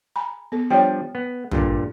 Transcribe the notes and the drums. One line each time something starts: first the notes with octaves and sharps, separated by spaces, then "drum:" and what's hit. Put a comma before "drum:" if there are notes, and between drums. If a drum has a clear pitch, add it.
G#5 A#5 B5
B3 A4
F3 G3 D4 C#5 D#5 G5
B3
G2 A#2 D3, drum: tom